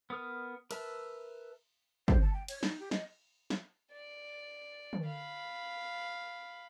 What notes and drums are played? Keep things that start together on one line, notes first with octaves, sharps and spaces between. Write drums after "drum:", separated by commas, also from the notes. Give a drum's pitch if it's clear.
B3 A#4 D#6 F6
A#4 B4 E5 A5, drum: cymbal
C5, drum: kick
A5
G5
C#5, drum: cymbal
D#4, drum: snare
G4
D#5, drum: snare
drum: snare
D5
drum: tom D3
F5 B5